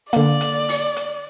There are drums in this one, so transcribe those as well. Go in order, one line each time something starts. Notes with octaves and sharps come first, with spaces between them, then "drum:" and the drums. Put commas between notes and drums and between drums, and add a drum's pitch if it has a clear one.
D3 A#3 D5, drum: hi-hat
drum: hi-hat
drum: open hi-hat
drum: hi-hat